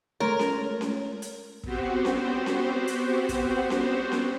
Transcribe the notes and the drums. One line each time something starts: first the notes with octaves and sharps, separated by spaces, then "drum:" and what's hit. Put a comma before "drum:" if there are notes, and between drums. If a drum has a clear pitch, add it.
G#3 A3 A#4 C#5
drum: snare C#4
drum: snare C#4
drum: hi-hat
B3 C4 F#4 G4 C5, drum: kick
drum: snare C#4
drum: snare C#4
drum: hi-hat
drum: kick, hi-hat
drum: snare C#4
drum: snare C#4